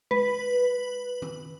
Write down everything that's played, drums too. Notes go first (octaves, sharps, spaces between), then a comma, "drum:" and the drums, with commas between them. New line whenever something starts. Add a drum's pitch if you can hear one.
B4, drum: tom G#3
drum: tom D#3